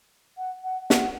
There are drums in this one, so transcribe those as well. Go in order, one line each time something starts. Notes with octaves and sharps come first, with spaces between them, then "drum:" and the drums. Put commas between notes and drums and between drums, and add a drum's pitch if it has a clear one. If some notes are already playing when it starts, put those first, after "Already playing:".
F#5
F#5
F#5, drum: snare